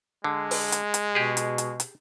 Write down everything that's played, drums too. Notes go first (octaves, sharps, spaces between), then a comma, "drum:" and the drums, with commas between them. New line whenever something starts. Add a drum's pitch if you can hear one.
D3 G#3
drum: open hi-hat
drum: hi-hat
drum: hi-hat
B2 G4 G#4
drum: hi-hat
drum: hi-hat
drum: hi-hat